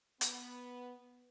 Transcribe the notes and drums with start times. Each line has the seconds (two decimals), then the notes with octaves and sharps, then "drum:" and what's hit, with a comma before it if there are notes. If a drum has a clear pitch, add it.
0.21 B3, drum: hi-hat